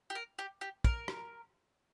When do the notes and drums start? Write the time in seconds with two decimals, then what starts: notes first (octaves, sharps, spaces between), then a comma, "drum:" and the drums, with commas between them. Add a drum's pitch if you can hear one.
0.10 G4
0.15 A#4
0.39 G4
0.61 G4
0.84 A#4, drum: kick
1.08 drum: rim click